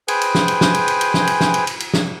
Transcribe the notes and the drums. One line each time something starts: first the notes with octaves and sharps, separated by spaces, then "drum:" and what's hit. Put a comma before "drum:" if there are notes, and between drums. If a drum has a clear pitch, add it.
G#4 B4 C5 G5 G#5, drum: cymbal
drum: cymbal
drum: snare
drum: cymbal
drum: snare
drum: cymbal
drum: cymbal
drum: cymbal
drum: snare
drum: cymbal
drum: snare
drum: cymbal
drum: cymbal
drum: cymbal
drum: snare